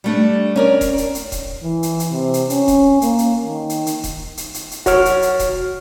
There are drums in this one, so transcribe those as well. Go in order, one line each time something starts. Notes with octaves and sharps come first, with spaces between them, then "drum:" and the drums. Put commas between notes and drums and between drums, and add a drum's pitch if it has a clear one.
G3 A3 D4
C#4 A#4 D5
drum: kick D#1, hi-hat
drum: hi-hat
drum: hi-hat
drum: kick D#1, hi-hat
E3
drum: hi-hat
drum: hi-hat
C3
drum: hi-hat
C#4, drum: hi-hat
drum: kick D#1, hi-hat
A#3, drum: hi-hat
drum: hi-hat
D#3
drum: hi-hat
drum: hi-hat
drum: kick D#1, hi-hat
drum: hi-hat
drum: hi-hat
drum: hi-hat
F#4 C#5 F6, drum: kick D#1, hi-hat
drum: hi-hat
drum: hi-hat
drum: kick D#1, hi-hat